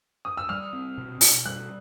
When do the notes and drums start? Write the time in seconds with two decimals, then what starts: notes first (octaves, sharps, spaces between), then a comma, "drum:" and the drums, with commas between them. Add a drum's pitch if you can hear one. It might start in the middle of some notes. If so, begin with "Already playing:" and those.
0.25 D#6
0.37 E6
0.49 G3 F6
0.73 C4
0.98 B2
1.21 B2, drum: open hi-hat
1.45 G3 F#6